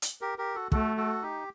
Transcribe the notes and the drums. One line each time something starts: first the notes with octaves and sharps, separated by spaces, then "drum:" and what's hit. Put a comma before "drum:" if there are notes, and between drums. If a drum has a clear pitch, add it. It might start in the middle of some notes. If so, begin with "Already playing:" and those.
drum: hi-hat
G4 A#4
G4 A#4
F#4 A4
A3 F#4 A4, drum: kick
F#4 A4
D#4 G4